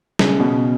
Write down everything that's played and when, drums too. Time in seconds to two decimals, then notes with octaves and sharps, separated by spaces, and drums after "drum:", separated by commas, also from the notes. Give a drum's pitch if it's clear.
0.19 C#3, drum: snare
0.40 B2